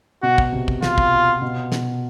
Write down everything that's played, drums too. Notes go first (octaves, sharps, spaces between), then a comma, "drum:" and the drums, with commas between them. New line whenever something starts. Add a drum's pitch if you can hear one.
B2 F#4
drum: kick
C3
drum: kick
F4, drum: snare
drum: kick
B2
B2, drum: snare